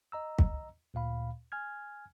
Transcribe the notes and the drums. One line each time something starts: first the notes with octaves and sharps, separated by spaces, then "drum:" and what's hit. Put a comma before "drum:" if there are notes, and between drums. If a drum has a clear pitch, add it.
D#5 A#5 E6
drum: kick
D2 A#2 F5 B5
G#5 F6 G#6